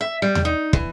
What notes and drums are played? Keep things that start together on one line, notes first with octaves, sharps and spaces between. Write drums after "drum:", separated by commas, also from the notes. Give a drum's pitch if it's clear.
E5
G3
drum: tom D#2
D#4
E3, drum: kick